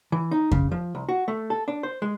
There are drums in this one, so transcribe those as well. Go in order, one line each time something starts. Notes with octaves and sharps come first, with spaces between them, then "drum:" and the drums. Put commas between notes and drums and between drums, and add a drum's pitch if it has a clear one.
E3
D#4
C#3, drum: kick F2
F3
C2
F#4
A3
A4
D4
C5
G#3